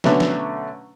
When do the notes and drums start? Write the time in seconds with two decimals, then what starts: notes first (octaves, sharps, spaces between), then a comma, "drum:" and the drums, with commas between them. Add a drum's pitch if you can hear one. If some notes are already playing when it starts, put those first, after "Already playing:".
0.04 B2 D3 F#3 A3 B3 C#4, drum: snare
0.20 drum: snare